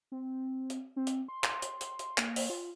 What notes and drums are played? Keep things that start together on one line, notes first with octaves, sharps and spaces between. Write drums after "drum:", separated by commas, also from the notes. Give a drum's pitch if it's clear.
C4
drum: hi-hat
C4
drum: hi-hat
C6
drum: clap
drum: hi-hat
drum: hi-hat
drum: hi-hat
A#3, drum: clap
drum: open hi-hat
F4